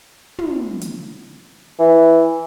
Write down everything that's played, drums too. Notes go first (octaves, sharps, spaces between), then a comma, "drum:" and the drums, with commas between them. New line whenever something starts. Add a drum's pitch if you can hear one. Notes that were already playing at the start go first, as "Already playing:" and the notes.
drum: tom
drum: hi-hat
E3